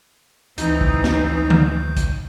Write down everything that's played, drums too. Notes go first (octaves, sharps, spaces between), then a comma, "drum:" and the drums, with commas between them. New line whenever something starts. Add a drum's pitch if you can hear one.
D2 E3 C4 D#4 G6, drum: hi-hat
drum: kick
drum: snare
drum: tom D3
drum: kick, hi-hat